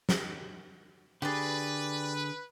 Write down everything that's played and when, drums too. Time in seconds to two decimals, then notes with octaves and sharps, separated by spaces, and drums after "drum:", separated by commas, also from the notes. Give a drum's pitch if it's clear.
0.09 drum: snare
1.22 D3 G4 G#4 B4 D5